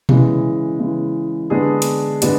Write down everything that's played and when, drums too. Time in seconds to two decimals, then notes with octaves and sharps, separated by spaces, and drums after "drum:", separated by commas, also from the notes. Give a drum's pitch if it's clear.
0.09 C#3 E3 G#3, drum: tom B2
0.79 C#3 E3 G#3
1.50 D3 G#3 B3 D4 G#4
1.82 drum: hi-hat
2.22 D3 G#3 B3 D4 G#4, drum: hi-hat